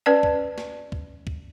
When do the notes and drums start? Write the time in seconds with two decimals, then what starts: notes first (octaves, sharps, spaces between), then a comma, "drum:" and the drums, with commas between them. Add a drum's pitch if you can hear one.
0.06 C#4 B4 D5 A5
0.23 drum: kick
0.58 drum: snare
0.92 drum: kick
1.27 drum: kick